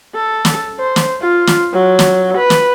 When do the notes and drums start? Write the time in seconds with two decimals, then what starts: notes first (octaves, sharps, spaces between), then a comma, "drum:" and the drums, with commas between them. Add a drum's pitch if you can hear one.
0.15 A4
0.45 drum: snare
0.79 C5
0.96 drum: snare
1.21 F4
1.47 drum: snare
1.73 F#3
1.99 drum: snare
2.37 B4
2.50 drum: snare